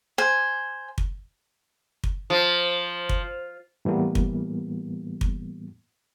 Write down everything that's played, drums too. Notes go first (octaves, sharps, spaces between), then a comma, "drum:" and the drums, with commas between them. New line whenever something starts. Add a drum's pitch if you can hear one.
C5 G#5
drum: kick
drum: kick
F3
drum: kick
A2 E3 G3 A#3 B3
drum: kick
drum: kick